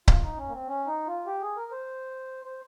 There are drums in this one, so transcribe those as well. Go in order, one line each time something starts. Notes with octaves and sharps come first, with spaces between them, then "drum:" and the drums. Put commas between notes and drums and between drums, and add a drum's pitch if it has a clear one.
F4, drum: kick C#1
D#4
C#4
A#3
C4
C#4
D#4
F4
G4
G#4
A#4
C5
C5